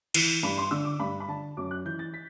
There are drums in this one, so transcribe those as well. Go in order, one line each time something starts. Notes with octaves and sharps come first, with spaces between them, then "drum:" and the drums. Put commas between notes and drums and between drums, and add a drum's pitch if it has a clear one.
E3, drum: cymbal
G2 B5
C6
D3 E6
D6
G2 B5
B5
D3 A5
F#2 D6
F#6
E3 G6
A6
B6